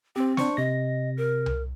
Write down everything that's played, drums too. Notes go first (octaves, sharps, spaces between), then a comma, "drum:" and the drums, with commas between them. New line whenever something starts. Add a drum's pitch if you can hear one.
C4 G4 C5
D4 C5 C#6, drum: snare
C3 D#5 A#6
A#4
drum: tom C2